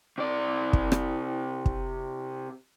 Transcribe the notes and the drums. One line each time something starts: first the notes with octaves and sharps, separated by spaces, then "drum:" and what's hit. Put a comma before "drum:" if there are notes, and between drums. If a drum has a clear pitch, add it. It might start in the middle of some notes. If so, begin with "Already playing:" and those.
C3 D5
drum: kick
drum: rim click
drum: kick